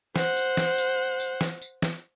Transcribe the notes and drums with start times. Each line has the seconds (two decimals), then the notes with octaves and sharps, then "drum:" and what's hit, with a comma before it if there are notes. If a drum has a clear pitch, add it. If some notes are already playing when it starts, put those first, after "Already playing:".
0.16 C5 F#5, drum: snare
0.36 drum: tambourine
0.57 drum: snare
0.78 drum: tambourine
1.20 drum: tambourine
1.41 drum: snare
1.62 drum: tambourine
1.82 drum: snare